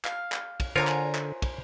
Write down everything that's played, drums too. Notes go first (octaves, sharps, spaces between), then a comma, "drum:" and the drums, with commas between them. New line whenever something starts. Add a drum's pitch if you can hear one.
F5, drum: clap
drum: clap
drum: kick, cymbal
D3 F4 A#4 C5 C#5 G#5 A#5
drum: clap
drum: clap
drum: kick, cymbal